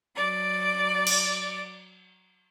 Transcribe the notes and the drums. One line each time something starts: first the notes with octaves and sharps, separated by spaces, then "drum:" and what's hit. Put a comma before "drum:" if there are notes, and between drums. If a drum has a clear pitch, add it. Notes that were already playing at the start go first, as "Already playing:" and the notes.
F#3 D5
drum: cymbal